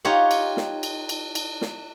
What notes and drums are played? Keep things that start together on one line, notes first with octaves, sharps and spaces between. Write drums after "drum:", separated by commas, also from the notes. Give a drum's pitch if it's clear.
D#4 F4 G4 C#5 F#5
drum: cymbal
drum: snare
drum: cymbal
drum: cymbal
drum: cymbal
drum: snare